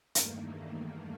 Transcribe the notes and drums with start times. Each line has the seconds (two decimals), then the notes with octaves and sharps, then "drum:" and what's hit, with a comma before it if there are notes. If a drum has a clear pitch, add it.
0.15 E2 G2 D#3 A3 A#3, drum: hi-hat